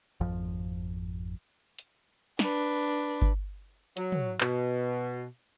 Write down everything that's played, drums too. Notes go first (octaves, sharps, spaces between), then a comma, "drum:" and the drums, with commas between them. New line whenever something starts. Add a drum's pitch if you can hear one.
G#1 F2 F3
drum: hi-hat
D4 B4, drum: snare
drum: kick G1
F#3, drum: hi-hat
drum: tom
B2, drum: clap